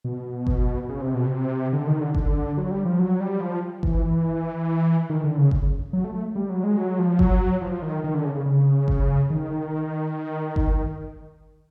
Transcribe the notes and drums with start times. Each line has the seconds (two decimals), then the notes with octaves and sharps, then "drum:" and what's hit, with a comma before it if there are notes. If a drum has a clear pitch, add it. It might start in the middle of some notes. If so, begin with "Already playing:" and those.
0.04 B2
0.47 drum: kick G1
0.89 C#3
1.01 C3
1.14 B2
1.26 C3
1.73 D3
1.87 D#3
2.01 D3
2.14 D3, drum: kick G1
2.57 F#3
2.71 G3
2.85 F3
2.99 F#3
3.20 G3
3.40 F3
3.83 E3, drum: kick G1
5.10 D#3
5.24 D3
5.37 C#3
5.51 drum: kick G1
5.93 F#3
6.04 A3
6.15 A3
6.35 G3
6.49 F#3
6.64 G#3
6.78 F#3
6.99 F3
7.19 F#3, drum: kick G1
7.61 F3
7.82 D#3
8.04 D#3
8.14 D3
8.25 C#3
8.35 C#3
8.46 C#3
8.88 drum: kick G1
9.30 D#3
10.56 drum: kick G1